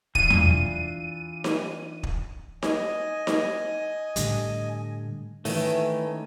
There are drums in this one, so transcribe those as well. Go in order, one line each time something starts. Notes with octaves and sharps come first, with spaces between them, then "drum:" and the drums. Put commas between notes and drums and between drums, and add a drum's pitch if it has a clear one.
E3 D4 F4 D#7, drum: kick
drum: tom E2
drum: snare D#4
drum: kick
D#5 G#5, drum: snare D#4
drum: snare D#4
A2 D3 G3, drum: hi-hat
D#3 E3 A3 C#4, drum: open hi-hat